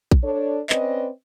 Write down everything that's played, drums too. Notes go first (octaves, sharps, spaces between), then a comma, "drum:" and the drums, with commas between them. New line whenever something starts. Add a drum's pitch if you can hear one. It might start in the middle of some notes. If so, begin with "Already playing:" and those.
drum: kick A#1
D4 A4 C#5
C4 C#4 B4 D5 D#5, drum: clap